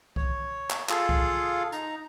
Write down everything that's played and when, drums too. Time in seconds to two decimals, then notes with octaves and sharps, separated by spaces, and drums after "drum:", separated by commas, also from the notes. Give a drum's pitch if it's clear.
0.16 C#5, drum: kick C2
0.70 drum: clap
0.89 F4 G#4 A4 F5, drum: clap
1.09 drum: kick C2
1.72 D#4 A#5, drum: hi-hat